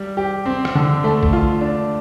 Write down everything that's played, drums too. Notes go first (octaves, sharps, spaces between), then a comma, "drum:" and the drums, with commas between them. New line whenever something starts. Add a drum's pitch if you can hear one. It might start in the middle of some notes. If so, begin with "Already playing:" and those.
Already playing: G3
G4
C4
drum: rim click
D3
A3
drum: kick
F4
D4